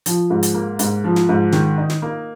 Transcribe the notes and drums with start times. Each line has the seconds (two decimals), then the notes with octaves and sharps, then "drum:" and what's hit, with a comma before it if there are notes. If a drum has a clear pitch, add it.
0.06 F3, drum: hi-hat
0.30 G#2
0.43 drum: hi-hat
0.54 A#3
0.79 G#2, drum: hi-hat
1.04 F3
1.16 drum: snare
1.29 G#2
1.52 D#3, drum: snare
1.78 D#4
1.90 drum: snare
2.02 A#3